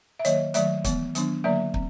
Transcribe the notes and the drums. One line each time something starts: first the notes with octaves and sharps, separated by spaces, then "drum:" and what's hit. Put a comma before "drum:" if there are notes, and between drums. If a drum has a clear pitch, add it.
E5
D#3 F#3 A#3 C#5 D#5, drum: hi-hat
D#3 F#3 A3 D5 E5, drum: hi-hat
E3 G#3 B3, drum: kick, hi-hat
D#3 F#3 B3 D4, drum: hi-hat
D3 F#3 A#3 D5 E5
C4, drum: kick